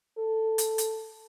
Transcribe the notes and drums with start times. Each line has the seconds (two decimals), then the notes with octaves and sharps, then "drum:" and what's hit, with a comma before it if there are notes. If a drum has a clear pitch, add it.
0.18 A4
0.58 drum: hi-hat
0.78 drum: hi-hat